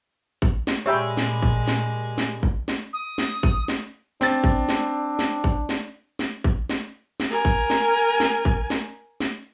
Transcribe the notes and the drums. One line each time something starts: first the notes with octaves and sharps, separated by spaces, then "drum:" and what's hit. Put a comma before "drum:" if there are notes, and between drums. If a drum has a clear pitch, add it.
drum: kick G#1
drum: snare
A#2 G#3 G4 C#5 D5 E5 G5 B5
drum: snare
drum: kick G#1
drum: snare
drum: snare
drum: kick G#1
drum: snare
D#6
drum: snare
drum: kick G#1
drum: snare
C4 D4 A6, drum: snare
drum: kick G#1
drum: snare
drum: snare
drum: kick G#1
drum: snare
drum: snare
drum: kick G#1
drum: snare
drum: snare
A#4 G#5
drum: kick G#1
drum: snare
drum: snare
drum: kick G#1
drum: snare
drum: snare